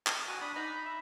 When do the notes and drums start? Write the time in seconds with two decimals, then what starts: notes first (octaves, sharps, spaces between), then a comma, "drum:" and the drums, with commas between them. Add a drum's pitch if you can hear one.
0.07 drum: clap
0.28 F#4 G#5
0.41 D4 B5 D#6
0.56 D#4 A#5 B5
0.85 E5